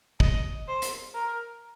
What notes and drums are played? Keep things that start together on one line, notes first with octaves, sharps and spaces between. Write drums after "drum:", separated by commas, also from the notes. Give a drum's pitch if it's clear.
D#5, drum: kick
C5
drum: hi-hat
A#4